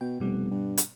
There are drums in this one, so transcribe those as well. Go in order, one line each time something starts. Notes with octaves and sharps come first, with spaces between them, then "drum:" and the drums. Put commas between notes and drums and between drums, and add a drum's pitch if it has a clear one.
B2 G5
F1 B2 G3 B3
G2
drum: hi-hat